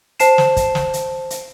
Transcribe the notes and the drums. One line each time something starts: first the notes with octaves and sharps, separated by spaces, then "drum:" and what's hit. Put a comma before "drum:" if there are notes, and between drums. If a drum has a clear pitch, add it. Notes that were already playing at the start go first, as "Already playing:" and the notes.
C5 A5 C7 E7, drum: hi-hat
drum: snare
drum: kick, hi-hat
drum: snare
drum: hi-hat
drum: hi-hat